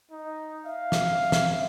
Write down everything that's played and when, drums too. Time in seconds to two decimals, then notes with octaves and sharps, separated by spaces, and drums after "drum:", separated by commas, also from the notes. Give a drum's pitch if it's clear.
0.11 D#4
0.66 E5 F5
0.92 drum: snare
1.23 E5
1.32 drum: snare